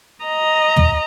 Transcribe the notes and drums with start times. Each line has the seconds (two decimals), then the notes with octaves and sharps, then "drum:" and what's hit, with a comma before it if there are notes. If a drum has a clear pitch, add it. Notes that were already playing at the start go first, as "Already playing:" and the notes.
0.25 D#5 A#5
0.76 drum: tom